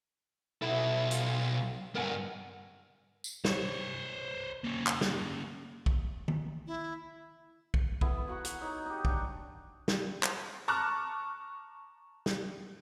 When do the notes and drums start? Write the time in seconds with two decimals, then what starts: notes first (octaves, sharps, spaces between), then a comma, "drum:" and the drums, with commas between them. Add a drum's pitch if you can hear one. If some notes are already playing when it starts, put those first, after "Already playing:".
0.62 B1 E4 A4
1.11 F4, drum: hi-hat
1.95 G2 B3 A#4 F#5 G#5
3.24 drum: tambourine
3.45 C5 C#5, drum: snare
4.64 A#3 C#4
4.87 drum: clap
5.01 drum: snare
5.86 drum: kick
6.28 drum: tom
6.67 E4
7.74 drum: kick
8.01 B3 E4 A4, drum: kick
8.28 F#4 F#5 A#5 C#6
8.45 F#5, drum: hi-hat
8.61 D#4 C#5 D6
8.86 D#4 G4
9.05 D4 F#5, drum: kick
9.88 drum: snare
10.23 drum: clap
10.68 A5 A#5 C#6 D6 F6 F#6
12.26 drum: snare